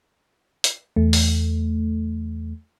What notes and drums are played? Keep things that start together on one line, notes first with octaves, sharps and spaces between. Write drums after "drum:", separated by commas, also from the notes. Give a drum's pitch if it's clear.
drum: hi-hat
E2 A3
drum: open hi-hat